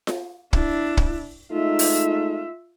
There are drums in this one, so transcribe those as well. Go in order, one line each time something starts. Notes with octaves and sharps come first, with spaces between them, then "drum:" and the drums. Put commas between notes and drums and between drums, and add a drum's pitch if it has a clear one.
drum: snare F4
D4 E4, drum: kick
drum: kick
G#3 A3 D#4 F4 E5
drum: open hi-hat